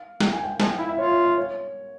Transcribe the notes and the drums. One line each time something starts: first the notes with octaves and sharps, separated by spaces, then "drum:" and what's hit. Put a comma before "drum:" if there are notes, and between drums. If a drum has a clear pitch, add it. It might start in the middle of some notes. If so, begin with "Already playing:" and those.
Already playing: F5
G5, drum: snare
G#5
G5
F3 G#5, drum: snare
G5
E4 F5
E5
F4 C#5
E5
E5
C#5